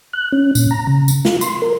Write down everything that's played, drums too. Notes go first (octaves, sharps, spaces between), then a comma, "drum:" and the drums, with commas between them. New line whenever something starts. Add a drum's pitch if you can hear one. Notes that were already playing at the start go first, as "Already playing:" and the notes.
F#6
C#4
A#2, drum: tambourine
A#5
C#3
drum: tambourine
F4, drum: snare
C6, drum: tambourine
A#4